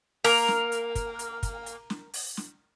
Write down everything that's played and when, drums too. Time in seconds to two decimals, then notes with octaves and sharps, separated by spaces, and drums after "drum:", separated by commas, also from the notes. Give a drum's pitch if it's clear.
0.24 A#3 A#4, drum: open hi-hat
0.48 drum: snare
0.72 drum: hi-hat
0.95 drum: kick, hi-hat
1.19 drum: hi-hat
1.43 drum: kick, hi-hat
1.66 drum: hi-hat
1.90 drum: snare
2.14 drum: open hi-hat
2.37 drum: snare